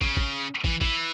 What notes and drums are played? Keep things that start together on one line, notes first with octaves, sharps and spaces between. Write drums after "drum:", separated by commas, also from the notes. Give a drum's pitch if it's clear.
C#3, drum: kick
drum: kick
E3, drum: kick
E3, drum: kick